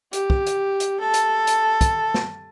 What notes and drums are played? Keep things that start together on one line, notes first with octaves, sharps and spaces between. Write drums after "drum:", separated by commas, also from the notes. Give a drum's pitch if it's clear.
G4, drum: hi-hat
drum: kick
drum: hi-hat
drum: hi-hat
A4
drum: hi-hat
drum: hi-hat
drum: kick, hi-hat
drum: snare